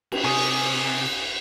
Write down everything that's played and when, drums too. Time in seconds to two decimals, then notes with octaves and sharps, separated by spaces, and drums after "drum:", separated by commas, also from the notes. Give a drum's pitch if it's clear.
0.12 drum: cymbal
0.24 C3 G#5 C#6 D#6